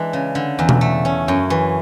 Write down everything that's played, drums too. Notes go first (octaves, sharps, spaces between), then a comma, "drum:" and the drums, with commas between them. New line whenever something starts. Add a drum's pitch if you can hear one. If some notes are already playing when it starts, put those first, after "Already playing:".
Already playing: E3 G#3 D4
C#3
D3
E2
drum: tom B2
A3
C#4
F#2
E3